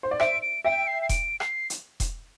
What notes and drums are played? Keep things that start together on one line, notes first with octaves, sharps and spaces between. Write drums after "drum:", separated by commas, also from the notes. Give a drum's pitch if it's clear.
C5
D5
C5 E5 D7, drum: rim click
D7
E5 G5 D7
C7
C7
D7, drum: kick E1, hi-hat
C7, drum: rim click
drum: hi-hat
drum: kick E1, hi-hat